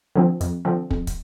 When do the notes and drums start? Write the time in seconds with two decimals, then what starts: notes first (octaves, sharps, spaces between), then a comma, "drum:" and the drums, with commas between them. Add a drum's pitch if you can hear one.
0.15 D3 F3 C4
0.41 F2, drum: hi-hat
0.65 D3 F3 C4
0.91 F2, drum: kick
1.07 drum: kick, hi-hat